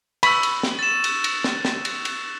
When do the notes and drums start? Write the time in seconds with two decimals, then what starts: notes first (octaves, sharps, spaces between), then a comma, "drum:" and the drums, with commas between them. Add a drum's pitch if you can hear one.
0.23 B5 C#6 E6, drum: cymbal
0.43 drum: cymbal
0.63 drum: snare
0.79 A6 E7
1.04 drum: cymbal
1.24 drum: cymbal
1.44 drum: snare
1.65 drum: snare
1.85 drum: cymbal
2.05 drum: cymbal